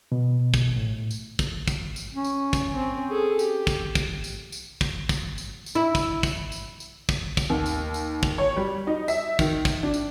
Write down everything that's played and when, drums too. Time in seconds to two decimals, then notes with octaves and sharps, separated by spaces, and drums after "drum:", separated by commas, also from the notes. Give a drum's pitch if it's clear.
0.12 B2
0.54 drum: kick, tambourine
0.76 A2
1.11 drum: tambourine
1.39 drum: kick, tambourine
1.68 drum: kick, tambourine
1.96 drum: tambourine
2.13 C#4
2.25 drum: tambourine
2.53 drum: kick, tambourine
2.74 C4
3.10 G#4 A4
3.39 G4, drum: tambourine
3.67 drum: kick, tambourine
3.95 drum: kick, tambourine
4.24 drum: tambourine
4.52 drum: tambourine
4.81 drum: kick, tambourine
5.09 drum: kick, tambourine
5.38 drum: tambourine
5.66 drum: tambourine
5.75 E4
5.95 drum: kick, tambourine
6.23 drum: kick, tambourine
6.52 drum: tambourine
6.80 drum: tambourine
7.09 drum: kick, tambourine
7.37 drum: kick, tambourine
7.50 D#2
7.66 drum: tambourine
7.94 drum: tambourine
8.23 drum: kick, tambourine
8.38 C#5
8.56 G3
8.87 D#4
9.08 E5, drum: tambourine
9.39 D#3, drum: kick, tambourine
9.65 drum: kick, tambourine
9.83 D4
9.94 drum: tambourine